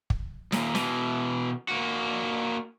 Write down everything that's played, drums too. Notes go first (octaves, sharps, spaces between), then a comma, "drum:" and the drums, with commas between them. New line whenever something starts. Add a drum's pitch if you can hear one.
drum: kick
D#2 A#2, drum: snare
B2 E3, drum: snare
A#3 F#4